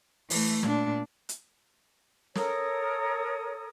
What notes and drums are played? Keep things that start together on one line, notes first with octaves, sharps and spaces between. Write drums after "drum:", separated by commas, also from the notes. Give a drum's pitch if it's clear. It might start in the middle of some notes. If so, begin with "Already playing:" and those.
E3 A3, drum: open hi-hat
A#2 D4, drum: snare
drum: hi-hat
A4 A#4 C#5 D#6, drum: snare